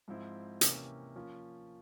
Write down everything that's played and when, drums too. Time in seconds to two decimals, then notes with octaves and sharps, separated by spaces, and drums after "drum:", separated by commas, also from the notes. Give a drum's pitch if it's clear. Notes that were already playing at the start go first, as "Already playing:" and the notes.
0.08 G#2 F3 C4 E4
0.61 C3 E3 A#3 C#4, drum: hi-hat
1.16 F3 A#3 C#4 F4